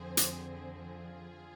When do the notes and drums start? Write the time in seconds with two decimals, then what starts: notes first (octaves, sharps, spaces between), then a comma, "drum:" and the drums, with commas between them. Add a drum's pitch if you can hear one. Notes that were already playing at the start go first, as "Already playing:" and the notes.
Already playing: F2 D3 F3 C4 G#4 C5
0.17 drum: hi-hat
0.78 F4 G#4